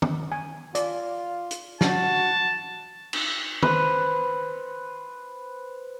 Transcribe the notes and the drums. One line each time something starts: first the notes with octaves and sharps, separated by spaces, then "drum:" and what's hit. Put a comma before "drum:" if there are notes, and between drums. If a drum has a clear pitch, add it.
drum: tom
G#5
F4 D5, drum: hi-hat
drum: hi-hat
F#4 A5, drum: snare
drum: cymbal
B4 C5, drum: tom